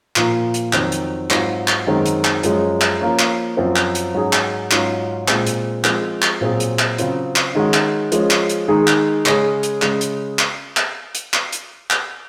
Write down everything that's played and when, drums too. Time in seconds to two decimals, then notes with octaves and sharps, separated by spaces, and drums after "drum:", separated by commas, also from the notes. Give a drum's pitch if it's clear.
0.16 A#2 F3 A#3 F4, drum: clap
0.54 drum: hi-hat
0.73 F2 D#3 F#3 C4, drum: clap
0.92 drum: hi-hat
1.30 G#2 F#3 C4 F4, drum: clap
1.68 drum: clap
1.87 F#2 D#3 G#3 C4 F#4
2.06 drum: hi-hat
2.25 drum: clap
2.43 F#2 F3 G#3 C#4, drum: hi-hat
2.81 drum: clap
3.00 F3 A#3 C#4
3.19 drum: clap
3.57 F#2 F3 C4 F#4
3.76 drum: clap
3.95 drum: hi-hat
4.14 G#2 F#3 C#4 G#4
4.33 drum: clap
4.71 G#2 F#3 C#4 F4, drum: clap
5.28 A#2 G#3 C4, drum: clap
5.46 drum: hi-hat
5.84 F3 G#3 C4, drum: clap
6.22 drum: clap
6.41 A#2 F#3 C4 F4 G#4
6.60 drum: hi-hat
6.79 drum: clap
6.98 C#3 F#3 C4 F4, drum: hi-hat
7.36 drum: clap
7.55 D#3 G#3 C#4 F#4
7.74 drum: clap
8.12 F3 G#3 C#4, drum: hi-hat
8.31 drum: clap
8.49 drum: hi-hat
8.68 D#3 G#3 D#4 G#4
8.87 drum: clap
9.26 C#3 G#3 C#4 G#4, drum: clap
9.63 drum: hi-hat
9.82 C#3 G#3, drum: clap
10.01 drum: hi-hat
10.39 drum: clap
10.77 drum: clap
11.15 drum: hi-hat
11.34 drum: clap
11.53 drum: hi-hat
11.90 drum: clap